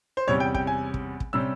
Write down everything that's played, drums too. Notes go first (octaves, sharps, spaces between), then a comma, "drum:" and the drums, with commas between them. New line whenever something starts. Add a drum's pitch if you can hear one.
C5
E2 C3 G3 C#4 C#5
G5
G5, drum: kick
G#5
drum: kick
drum: kick
C3 G3 C#4 E6